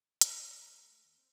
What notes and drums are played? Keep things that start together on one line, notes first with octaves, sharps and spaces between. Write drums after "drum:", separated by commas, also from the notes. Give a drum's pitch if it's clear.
G5, drum: hi-hat
E2
G#3 A4
A3
D#2
C4 C5